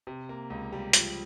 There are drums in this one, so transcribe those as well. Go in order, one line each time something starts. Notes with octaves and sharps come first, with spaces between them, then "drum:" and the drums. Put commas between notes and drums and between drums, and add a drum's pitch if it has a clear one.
C3
A#3
C#2
G3
F3, drum: hi-hat